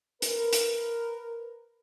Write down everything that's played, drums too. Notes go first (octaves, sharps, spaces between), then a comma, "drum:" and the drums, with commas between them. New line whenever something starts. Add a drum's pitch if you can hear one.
A#4 B4, drum: hi-hat
drum: hi-hat